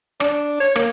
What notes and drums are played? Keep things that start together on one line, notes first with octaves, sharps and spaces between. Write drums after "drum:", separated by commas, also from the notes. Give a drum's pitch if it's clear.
D4, drum: rim click
C#5
A#3, drum: rim click